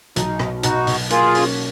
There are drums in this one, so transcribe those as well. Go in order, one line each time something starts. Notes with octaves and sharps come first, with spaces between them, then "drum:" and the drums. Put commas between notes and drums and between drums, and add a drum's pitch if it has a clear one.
B1 D#4, drum: hi-hat
B2, drum: rim click
B2 D#4 F#4, drum: hi-hat
B2, drum: open hi-hat
A#3 F4 G#4, drum: hi-hat
C#4, drum: open hi-hat